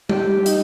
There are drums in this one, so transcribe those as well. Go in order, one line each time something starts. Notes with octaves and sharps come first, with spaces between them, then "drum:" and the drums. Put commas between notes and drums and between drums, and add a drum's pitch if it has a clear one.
G4, drum: tom G3
D#4, drum: hi-hat